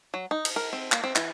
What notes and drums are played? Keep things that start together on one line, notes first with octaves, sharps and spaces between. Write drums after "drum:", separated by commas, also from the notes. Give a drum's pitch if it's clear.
F#3
D#4
drum: cymbal
A#4
C4
A#3, drum: clap
C4
E3, drum: clap